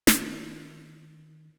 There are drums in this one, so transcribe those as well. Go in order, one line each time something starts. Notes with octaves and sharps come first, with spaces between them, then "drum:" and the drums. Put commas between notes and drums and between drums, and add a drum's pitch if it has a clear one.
D#3, drum: snare